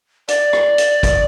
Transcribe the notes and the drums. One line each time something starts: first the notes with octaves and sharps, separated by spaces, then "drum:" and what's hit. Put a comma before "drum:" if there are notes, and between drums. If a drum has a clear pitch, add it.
D5, drum: hi-hat
drum: rim click
drum: hi-hat
drum: kick, hi-hat